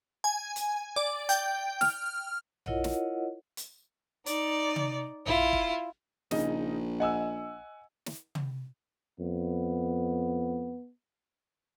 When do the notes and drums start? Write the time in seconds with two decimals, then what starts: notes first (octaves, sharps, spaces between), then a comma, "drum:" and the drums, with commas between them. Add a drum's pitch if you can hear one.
0.24 G#5
0.56 drum: hi-hat
0.96 D5
1.29 G5, drum: hi-hat
1.81 F6, drum: snare
2.66 E4 F4 A#4 C#5 D#5 F#5, drum: tom A#1
2.84 drum: snare
3.57 drum: hi-hat
4.26 D#4 D5, drum: hi-hat
4.76 drum: tom
5.26 E4 F4, drum: tom A#1
5.53 drum: kick
6.31 A#1 C#3 D#4 D#5, drum: snare
7.00 D#5 F#5 G#5 E6
8.06 drum: snare
8.35 drum: tom
9.20 F2 B3